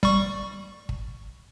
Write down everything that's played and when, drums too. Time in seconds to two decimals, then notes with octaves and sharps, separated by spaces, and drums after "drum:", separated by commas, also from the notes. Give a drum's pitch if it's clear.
0.03 G3 C#6, drum: kick
0.89 drum: kick